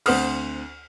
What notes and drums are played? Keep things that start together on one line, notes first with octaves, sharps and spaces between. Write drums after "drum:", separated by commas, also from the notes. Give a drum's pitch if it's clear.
D2 C4 C5 F#5 D#6 F6, drum: cymbal